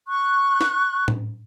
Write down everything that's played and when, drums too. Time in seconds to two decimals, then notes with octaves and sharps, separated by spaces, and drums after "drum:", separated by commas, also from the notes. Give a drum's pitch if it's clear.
0.08 C#6 F#6
0.61 drum: snare
1.08 drum: tom A2